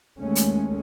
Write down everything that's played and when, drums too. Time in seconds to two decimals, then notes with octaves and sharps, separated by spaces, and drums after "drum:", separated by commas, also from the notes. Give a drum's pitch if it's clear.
0.20 D#2 G#3 A3 C#4
0.35 drum: hi-hat